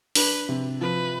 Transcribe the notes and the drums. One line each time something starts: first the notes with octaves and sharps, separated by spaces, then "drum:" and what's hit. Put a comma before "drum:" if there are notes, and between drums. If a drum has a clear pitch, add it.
D4 B4, drum: open hi-hat
C3
F3 B4